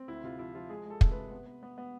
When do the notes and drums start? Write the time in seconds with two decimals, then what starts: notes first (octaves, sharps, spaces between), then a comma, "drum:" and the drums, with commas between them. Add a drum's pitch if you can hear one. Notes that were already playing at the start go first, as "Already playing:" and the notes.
Already playing: C4
0.08 D2 E4
0.24 C3 F4
0.39 F3 E4
0.55 F3 F4
0.70 G#3 G#4
0.85 G#3 A4
1.01 C3, drum: kick
1.11 C3 B4
1.31 B3
1.46 B3
1.63 B3
1.78 B3